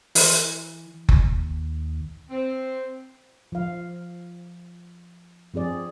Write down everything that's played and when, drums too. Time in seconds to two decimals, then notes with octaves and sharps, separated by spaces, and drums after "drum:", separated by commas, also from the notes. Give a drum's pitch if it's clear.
0.15 E3, drum: open hi-hat
1.09 D#2, drum: kick F#1
2.30 C4
3.52 F3 F5
5.54 F3 C4 G#4 D5